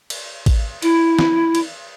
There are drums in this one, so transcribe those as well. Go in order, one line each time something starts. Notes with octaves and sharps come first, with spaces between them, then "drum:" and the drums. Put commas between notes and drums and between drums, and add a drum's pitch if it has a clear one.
drum: cymbal
drum: kick A1, cymbal
E4, drum: cymbal
drum: snare
drum: cymbal